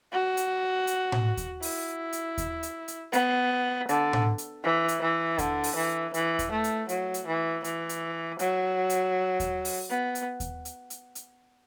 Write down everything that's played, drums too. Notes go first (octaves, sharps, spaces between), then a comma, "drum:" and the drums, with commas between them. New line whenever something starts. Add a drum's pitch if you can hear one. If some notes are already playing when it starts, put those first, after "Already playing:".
F#4
drum: hi-hat
drum: hi-hat
drum: tom A2
drum: kick D#2, hi-hat
E4, drum: open hi-hat
drum: hi-hat
drum: kick D#2, hi-hat
drum: hi-hat
drum: hi-hat
B3, drum: hi-hat
D3, drum: hi-hat
drum: tom A2
drum: hi-hat
E3
drum: hi-hat
E3
D3, drum: kick D#2, hi-hat
drum: open hi-hat
E3
E3, drum: hi-hat
drum: kick D#2, hi-hat
A3
drum: hi-hat
F#3, drum: hi-hat
drum: hi-hat
E3
E3, drum: hi-hat
drum: hi-hat
F#3, drum: hi-hat
drum: hi-hat
drum: kick D#2, hi-hat
drum: open hi-hat
B3
drum: hi-hat
drum: kick D#2, hi-hat
drum: hi-hat
drum: hi-hat
drum: hi-hat